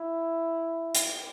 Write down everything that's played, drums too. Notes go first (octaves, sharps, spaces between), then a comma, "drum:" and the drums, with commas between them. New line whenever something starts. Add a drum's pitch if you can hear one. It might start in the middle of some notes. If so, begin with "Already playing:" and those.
Already playing: E4
drum: hi-hat